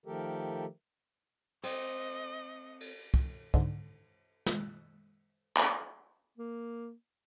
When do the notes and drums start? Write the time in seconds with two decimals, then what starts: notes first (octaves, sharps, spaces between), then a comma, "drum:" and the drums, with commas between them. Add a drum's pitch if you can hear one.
0.06 D#3 F3 A3 G4 A4 A#4
1.64 C4 D#5, drum: cymbal
2.80 drum: cymbal
3.14 drum: kick
3.54 G#2 D3, drum: kick
4.46 drum: snare
5.57 drum: clap
6.38 A#3